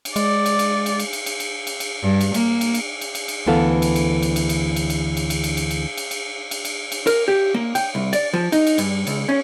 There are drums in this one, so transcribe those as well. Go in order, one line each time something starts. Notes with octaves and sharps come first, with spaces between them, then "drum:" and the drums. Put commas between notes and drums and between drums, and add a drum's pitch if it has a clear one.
drum: cymbal
G#3 D5, drum: cymbal
drum: cymbal
drum: cymbal
drum: cymbal
drum: cymbal
drum: cymbal
drum: cymbal
drum: cymbal
drum: cymbal
drum: cymbal
G2
drum: cymbal
A#3, drum: cymbal
drum: cymbal
drum: cymbal
drum: cymbal
drum: cymbal
drum: cymbal
D2 E3 B3 A4 F5
drum: cymbal
drum: cymbal
drum: cymbal
drum: cymbal
drum: cymbal
drum: cymbal
drum: cymbal
drum: cymbal
drum: cymbal
drum: cymbal
drum: cymbal
drum: cymbal
drum: cymbal
drum: cymbal
drum: cymbal
drum: cymbal
drum: cymbal
A#4, drum: cymbal
G4
A#3
G5, drum: cymbal
C2
D5, drum: cymbal
F3
D#4, drum: cymbal
drum: cymbal
G2, drum: cymbal
C#2, drum: cymbal
C#4